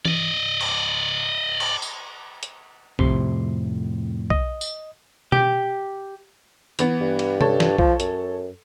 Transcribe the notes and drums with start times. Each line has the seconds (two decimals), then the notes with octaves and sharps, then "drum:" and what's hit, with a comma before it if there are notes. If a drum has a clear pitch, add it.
0.05 D5 D#5, drum: tom E3
0.61 drum: cymbal
1.60 drum: cymbal
1.82 drum: tambourine
2.43 drum: hi-hat
2.99 F2 A2 C3 C6, drum: kick B1
4.30 D#5, drum: kick B1
4.61 drum: tambourine
5.32 G4, drum: tom B2
6.79 E3 B3, drum: hi-hat
7.01 G2
7.19 drum: cymbal
7.41 A4 C#5, drum: tom C3
7.60 drum: snare
7.78 F3, drum: kick B1
8.00 F#2, drum: hi-hat